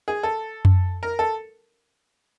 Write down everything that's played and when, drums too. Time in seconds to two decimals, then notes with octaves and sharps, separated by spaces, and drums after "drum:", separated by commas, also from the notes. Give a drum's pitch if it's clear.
0.08 G#4
0.23 A4
0.65 drum: tom F#2
1.03 A#4
1.19 A4